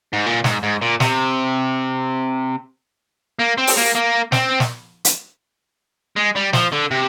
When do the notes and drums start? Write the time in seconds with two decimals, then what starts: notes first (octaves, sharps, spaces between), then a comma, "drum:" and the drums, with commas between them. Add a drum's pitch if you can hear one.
0.13 G#2
0.26 A#2
0.44 G#2, drum: snare
0.63 G#2
0.81 A#2
1.00 C3, drum: snare
3.39 A#3
3.58 C4
3.67 drum: open hi-hat
3.77 A#3
3.95 A#3
4.32 C4, drum: snare
4.60 drum: snare
5.05 drum: hi-hat
6.16 G#3
6.36 G3
6.53 F3, drum: snare
6.72 D3
6.91 C3